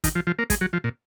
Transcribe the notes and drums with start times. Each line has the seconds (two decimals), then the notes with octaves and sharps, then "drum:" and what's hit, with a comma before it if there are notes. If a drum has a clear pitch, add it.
0.04 D#3, drum: kick, hi-hat
0.15 F3
0.27 F3
0.39 A#3
0.50 G#3, drum: kick, hi-hat
0.61 F#3
0.73 F3
0.84 A#2